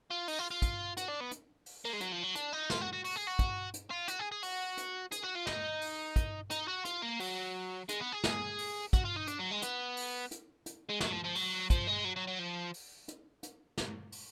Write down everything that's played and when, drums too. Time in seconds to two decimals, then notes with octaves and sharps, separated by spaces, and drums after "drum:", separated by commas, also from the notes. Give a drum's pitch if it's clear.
0.10 F4
0.28 D#4, drum: open hi-hat
0.39 F4
0.51 F4
0.62 drum: kick, hi-hat
0.97 F#4, drum: hi-hat
1.08 D4
1.20 B3
1.31 drum: hi-hat
1.66 drum: open hi-hat
1.85 A#3
1.93 G#3
2.00 F#3, drum: hi-hat
2.12 F3
2.23 F#3
2.35 D4, drum: hi-hat
2.53 D#4
2.70 F4, drum: snare
2.81 F#4
2.93 F#4
3.05 F#4, drum: open hi-hat
3.16 G#4
3.27 F#4
3.39 drum: kick, hi-hat
3.74 drum: hi-hat
3.91 F4
4.08 F#4, drum: hi-hat
4.19 G#4
4.32 G#4
4.43 F#4, drum: open hi-hat
4.77 drum: hi-hat
5.12 G#4, drum: hi-hat
5.24 F#4
5.36 F4
5.47 D#4, drum: snare
5.81 drum: open hi-hat
6.16 drum: kick, hi-hat
6.50 D#4, drum: hi-hat
6.68 F#4
6.85 F4, drum: hi-hat
7.02 A#3
7.20 F#3, drum: open hi-hat
7.89 G#3, drum: hi-hat
8.00 B3
8.12 G#4
8.24 drum: snare
8.58 drum: open hi-hat
8.93 F#4, drum: kick, hi-hat
9.04 F4
9.16 D#4
9.27 D4, drum: hi-hat
9.39 F#3
9.51 G#3
9.62 B3, drum: hi-hat
9.97 drum: open hi-hat
10.31 drum: hi-hat
10.66 drum: hi-hat
10.89 G#3
11.00 F#3, drum: snare
11.12 F3
11.24 F3
11.35 F#3, drum: open hi-hat
11.70 F3, drum: kick, hi-hat
11.87 G#3
12.05 F#3
12.16 F#3
12.27 F#3
12.39 F3
12.74 drum: open hi-hat
13.08 drum: hi-hat
13.43 drum: hi-hat
13.78 drum: snare
14.12 drum: open hi-hat